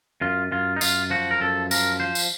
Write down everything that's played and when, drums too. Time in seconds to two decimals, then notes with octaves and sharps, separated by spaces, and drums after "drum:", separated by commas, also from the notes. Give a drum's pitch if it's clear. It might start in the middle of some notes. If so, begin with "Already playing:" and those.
0.21 F#2 F4
0.52 F#2 F4
0.76 D#4
0.81 F#2 F4, drum: tambourine
1.10 F3 F#4
1.31 A#4
1.40 F#2 A4
1.71 F3 A#4, drum: tambourine
2.00 F3 C5
2.15 drum: tambourine